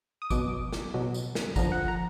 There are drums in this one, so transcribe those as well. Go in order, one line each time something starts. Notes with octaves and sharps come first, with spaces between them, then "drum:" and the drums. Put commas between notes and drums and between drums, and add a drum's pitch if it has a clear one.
D#6
B2 F#3 D6, drum: kick, tambourine
drum: snare
B2 F#3
drum: tambourine
drum: snare
D3 F3 A#5, drum: kick, tambourine
F#5
A#5